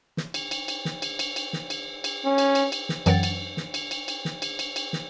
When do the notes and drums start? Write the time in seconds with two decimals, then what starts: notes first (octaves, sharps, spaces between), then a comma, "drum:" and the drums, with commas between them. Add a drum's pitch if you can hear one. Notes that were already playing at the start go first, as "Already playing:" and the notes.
0.17 drum: snare
0.34 drum: cymbal
0.51 drum: cymbal
0.68 drum: cymbal
0.85 drum: snare
1.02 drum: cymbal
1.19 drum: cymbal
1.36 drum: cymbal
1.53 drum: snare
1.70 drum: cymbal
2.04 drum: cymbal
2.25 C#4
2.38 drum: cymbal
2.55 drum: cymbal
2.72 drum: cymbal
2.89 drum: snare
3.06 F#2 E3 F#3 F#5 G5 A6, drum: cymbal
3.23 drum: cymbal
3.57 drum: snare
3.74 drum: cymbal
3.91 drum: cymbal
4.08 drum: cymbal
4.25 drum: snare
4.42 drum: cymbal
4.59 drum: cymbal
4.76 drum: cymbal
4.93 drum: snare